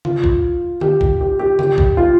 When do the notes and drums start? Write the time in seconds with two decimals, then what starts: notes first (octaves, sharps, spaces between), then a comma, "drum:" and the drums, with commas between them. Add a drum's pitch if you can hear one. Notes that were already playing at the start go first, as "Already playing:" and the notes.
0.05 F4, drum: tom C#3
0.24 drum: kick A#1
0.81 G4, drum: tom D3
1.01 drum: kick A#1
1.21 G4
1.39 G4
1.59 G4, drum: tom C#3
1.78 drum: kick A#1
1.97 F4